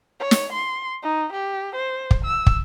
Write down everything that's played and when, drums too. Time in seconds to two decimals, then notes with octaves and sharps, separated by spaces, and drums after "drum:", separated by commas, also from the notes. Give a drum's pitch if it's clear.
0.19 C#5
0.31 drum: snare
0.52 C6
1.02 D#4
1.32 G4
1.75 C5
2.11 drum: kick
2.24 E6
2.47 drum: kick